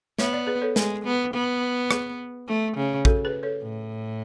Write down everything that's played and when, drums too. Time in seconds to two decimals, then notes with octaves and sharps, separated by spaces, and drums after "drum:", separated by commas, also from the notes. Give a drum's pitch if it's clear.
0.19 B3 C#5 E5, drum: snare
0.33 B4 D5
0.47 G#4 B4
0.62 A4 C#5
0.76 G#3, drum: snare
1.05 B3
1.34 B3
1.91 G#4 B4, drum: rim click
2.48 A3
2.77 C#3
3.05 F#4 A4, drum: kick
3.25 G#4 B4
3.43 A4 C#5
3.63 A2